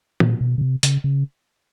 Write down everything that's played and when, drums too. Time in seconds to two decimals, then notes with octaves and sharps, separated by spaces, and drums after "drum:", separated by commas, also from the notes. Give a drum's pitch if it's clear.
0.20 A#2, drum: tom
0.41 B2
0.58 C#3
0.61 C3
0.83 C#3, drum: hi-hat
1.04 C#3